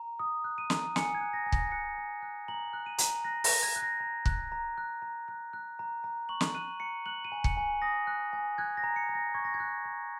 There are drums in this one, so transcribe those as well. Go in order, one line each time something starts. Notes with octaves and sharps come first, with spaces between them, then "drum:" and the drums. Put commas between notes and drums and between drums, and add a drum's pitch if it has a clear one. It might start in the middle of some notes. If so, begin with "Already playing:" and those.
Already playing: A#5
D#6
F#6
D#7
A#5, drum: snare
G#5 C#7, drum: snare
G#6
F#6
A#6
G#5
A#6, drum: kick
F#6 C#7
G#5
F#6
A#5 F#7
F#6
D#7
A#5, drum: hi-hat
F#6 A#6
A#6, drum: open hi-hat
A#5
G#6
F#6
A#6
A#5
F#6, drum: kick
A#5
F#6
A#5
F#6
F#6
A#5
A#5
C#6 F#7
drum: snare
F#6 D#7
A#5 C#7
F#6 F#7
D#7
G#5
C#7, drum: kick
G#5
D#6 A#6
F#6
G#5
F#6 G#6
A#6
A#5
C#7
A#5
A#6
C#6 G#6
A#6
G#6
F#6
A#5